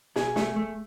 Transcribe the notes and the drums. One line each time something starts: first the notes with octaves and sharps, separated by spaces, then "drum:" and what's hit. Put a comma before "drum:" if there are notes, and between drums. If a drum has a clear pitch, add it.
B2 G#4, drum: snare
A3, drum: snare
A3